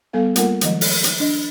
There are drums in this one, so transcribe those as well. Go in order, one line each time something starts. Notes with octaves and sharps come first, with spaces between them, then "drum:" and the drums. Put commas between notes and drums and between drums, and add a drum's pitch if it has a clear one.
G3 B3 A4 F5
G3 A3 A#3 F4 A#4 F#5, drum: hi-hat
D#3 F3 F#3 G#3 D#5, drum: hi-hat
drum: open hi-hat
drum: hi-hat
D4 D#5